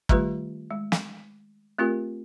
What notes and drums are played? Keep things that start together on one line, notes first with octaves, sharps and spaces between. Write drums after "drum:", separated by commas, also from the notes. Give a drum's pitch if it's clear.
D#3 G3 A3 F4 G4 B4, drum: kick
G#3
drum: snare
A3 C4 F4 G4 A#4